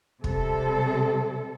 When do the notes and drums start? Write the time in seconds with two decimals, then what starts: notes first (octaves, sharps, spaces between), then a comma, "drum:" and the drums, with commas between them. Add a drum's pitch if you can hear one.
0.24 C3 G3 A4, drum: kick